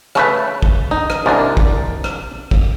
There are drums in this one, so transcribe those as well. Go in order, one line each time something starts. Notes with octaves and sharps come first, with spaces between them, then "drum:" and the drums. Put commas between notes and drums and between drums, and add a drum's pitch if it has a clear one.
C#3 A3 B4, drum: rim click
drum: kick
D#4
drum: rim click
C2 G#2 D4 A#4 D5
drum: kick
drum: rim click
drum: kick